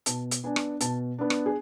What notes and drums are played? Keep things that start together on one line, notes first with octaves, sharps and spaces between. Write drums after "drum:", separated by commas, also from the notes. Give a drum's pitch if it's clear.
B2 A5, drum: hi-hat
drum: hi-hat
B3 D4 G#5
drum: rim click
B2 A5, drum: hi-hat
B3 D4
drum: rim click
G#4